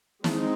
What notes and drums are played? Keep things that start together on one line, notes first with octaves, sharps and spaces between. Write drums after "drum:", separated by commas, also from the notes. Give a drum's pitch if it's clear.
G#3 C4 D#4, drum: snare